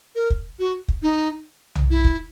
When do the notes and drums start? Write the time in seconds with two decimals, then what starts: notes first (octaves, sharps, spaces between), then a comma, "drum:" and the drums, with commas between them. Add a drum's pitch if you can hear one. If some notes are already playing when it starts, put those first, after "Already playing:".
0.15 A#4
0.30 drum: kick
0.59 F#4
0.88 drum: kick
1.02 D#4
1.75 drum: tom B1
1.90 E4
2.04 drum: kick